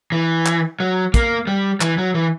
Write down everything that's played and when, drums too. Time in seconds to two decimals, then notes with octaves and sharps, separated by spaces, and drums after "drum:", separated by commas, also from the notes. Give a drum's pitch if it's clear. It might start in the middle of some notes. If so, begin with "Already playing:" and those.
0.12 E3
0.46 drum: clap
0.80 F#3
1.14 A#3, drum: kick, hi-hat
1.47 G3
1.81 E3, drum: clap
1.98 F#3
2.14 E3